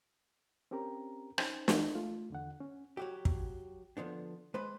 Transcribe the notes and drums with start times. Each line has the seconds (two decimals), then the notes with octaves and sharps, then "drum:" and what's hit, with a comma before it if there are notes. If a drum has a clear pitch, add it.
0.71 C4 C#4 G4 A#4 A#5
1.38 C#4 D#4 C5, drum: rim click
1.68 E3, drum: snare
1.95 A3 F4
2.30 E2 D3 F#5
2.61 C#4
2.97 F#3 F#4 G4
3.25 drum: kick
3.97 D3 F3 B3 D4
4.54 G#3 B4 C5